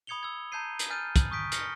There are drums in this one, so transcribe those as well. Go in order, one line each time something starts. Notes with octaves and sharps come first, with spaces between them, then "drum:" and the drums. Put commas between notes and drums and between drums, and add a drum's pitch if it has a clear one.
B5 D#6 G#6 C#7 F7 G7
E6 G#6
A5 A#5 G6 G#6 C7 D#7
drum: hi-hat
G#5 F6 G6 A6 D#7
drum: kick, hi-hat
C#6 D#6 G6 B6 D7
F6 A#6 C#7 G7, drum: hi-hat